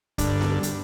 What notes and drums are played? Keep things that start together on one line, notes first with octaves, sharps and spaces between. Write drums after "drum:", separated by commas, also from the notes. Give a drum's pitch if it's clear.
G2 D3, drum: kick, hi-hat
drum: snare B3
drum: hi-hat